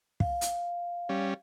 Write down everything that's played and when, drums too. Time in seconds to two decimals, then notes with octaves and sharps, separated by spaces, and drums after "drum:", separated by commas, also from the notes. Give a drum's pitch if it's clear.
0.20 F5, drum: kick
0.41 drum: hi-hat
1.09 G3 C#4